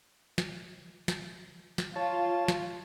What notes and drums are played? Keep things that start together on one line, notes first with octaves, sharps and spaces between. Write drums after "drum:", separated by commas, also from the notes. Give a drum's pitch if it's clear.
drum: snare
drum: snare
drum: snare
F4 C#5 A5
drum: snare